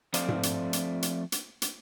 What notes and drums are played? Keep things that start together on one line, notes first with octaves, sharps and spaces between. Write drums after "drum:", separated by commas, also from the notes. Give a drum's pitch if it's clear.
F3 A3 C4 C5 D5 F5, drum: hi-hat
drum: tom G#2
drum: hi-hat
drum: hi-hat
drum: hi-hat
drum: hi-hat
drum: hi-hat